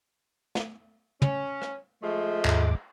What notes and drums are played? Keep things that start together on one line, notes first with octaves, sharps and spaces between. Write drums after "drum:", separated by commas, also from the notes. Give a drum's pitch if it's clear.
drum: snare
C#4, drum: tom
drum: rim click
F3 G#3 A3
D#2 G#2 D6, drum: clap